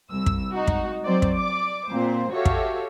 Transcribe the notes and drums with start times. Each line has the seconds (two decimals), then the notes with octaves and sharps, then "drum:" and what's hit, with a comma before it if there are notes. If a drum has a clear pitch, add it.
0.10 C2 E6
0.26 drum: kick
0.53 G#3 D#4 F#4
0.67 drum: kick
1.05 F#3 C4 C5 D5
1.22 drum: kick
1.36 D5 D6
1.87 A#2 C4 C5
2.32 F#4 G4 A4 C#5 E5 F5
2.45 drum: kick